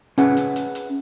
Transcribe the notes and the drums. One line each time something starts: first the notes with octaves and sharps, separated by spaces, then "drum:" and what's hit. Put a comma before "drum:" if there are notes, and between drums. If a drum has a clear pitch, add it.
C#4 G#4 B4 E5 F#5, drum: hi-hat
drum: hi-hat
drum: hi-hat
drum: hi-hat